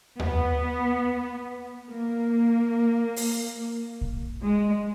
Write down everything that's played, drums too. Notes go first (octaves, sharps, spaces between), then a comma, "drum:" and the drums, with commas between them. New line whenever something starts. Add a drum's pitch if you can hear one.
B3, drum: tom D#2
A#3
drum: open hi-hat
drum: kick A#1
G#3